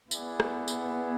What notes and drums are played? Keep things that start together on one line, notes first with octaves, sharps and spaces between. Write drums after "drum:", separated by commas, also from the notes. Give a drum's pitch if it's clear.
B3 E4 G#4 D5 F#5, drum: tambourine
drum: rim click
drum: tambourine